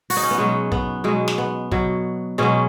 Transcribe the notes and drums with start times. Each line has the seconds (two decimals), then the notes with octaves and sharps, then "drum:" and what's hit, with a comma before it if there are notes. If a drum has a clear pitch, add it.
0.10 F#4, drum: open hi-hat
0.17 D#4
0.23 C#4
0.31 B3
0.38 B2 F#3 G#3
0.72 B3, drum: kick
1.04 B2 F#3 G#3
1.28 drum: snare
1.38 B3
1.71 B2 F#3, drum: kick
2.38 B2 F#3 G#3 C#4